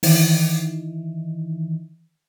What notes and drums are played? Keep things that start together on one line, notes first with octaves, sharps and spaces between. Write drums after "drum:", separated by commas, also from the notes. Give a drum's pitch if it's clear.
D#3 E3, drum: open hi-hat